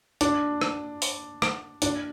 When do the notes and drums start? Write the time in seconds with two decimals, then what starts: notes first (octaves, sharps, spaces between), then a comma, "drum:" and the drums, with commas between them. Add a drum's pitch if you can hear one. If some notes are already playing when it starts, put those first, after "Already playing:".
0.21 D4, drum: hi-hat
0.62 drum: rim click
1.02 drum: open hi-hat
1.42 drum: rim click
1.82 D4, drum: hi-hat